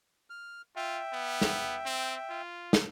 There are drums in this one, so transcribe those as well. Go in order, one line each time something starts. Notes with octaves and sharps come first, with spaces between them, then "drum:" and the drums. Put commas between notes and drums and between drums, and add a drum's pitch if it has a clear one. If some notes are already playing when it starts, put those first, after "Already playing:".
F6
F4 E5 G5
B3
drum: snare
C4
F4
drum: snare